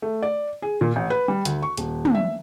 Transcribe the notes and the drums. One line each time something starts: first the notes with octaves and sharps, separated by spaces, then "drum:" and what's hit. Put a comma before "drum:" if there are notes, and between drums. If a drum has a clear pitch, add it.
A3
D5
G#4
A#2
A1
B4
G3
D2, drum: hi-hat
C#6
D#1, drum: hi-hat
drum: tom
E5